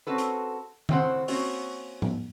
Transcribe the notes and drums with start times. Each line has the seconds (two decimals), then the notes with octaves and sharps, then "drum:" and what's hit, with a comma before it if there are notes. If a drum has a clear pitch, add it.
0.07 C4 C#4 F#4 A4 B4
0.18 drum: hi-hat
0.89 A2 C#3 C4 E4 C5 F#5, drum: tom D#3
1.28 A#3 C4 C#4 F#4, drum: open hi-hat
2.02 drum: tom A2